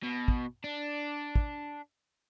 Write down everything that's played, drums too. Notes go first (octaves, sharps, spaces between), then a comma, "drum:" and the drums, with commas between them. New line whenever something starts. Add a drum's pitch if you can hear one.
B2
drum: kick
D4
drum: kick